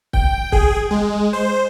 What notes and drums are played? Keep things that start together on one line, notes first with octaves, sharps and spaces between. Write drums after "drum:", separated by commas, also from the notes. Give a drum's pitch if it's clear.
G5, drum: kick
G#4, drum: kick
G#3
C5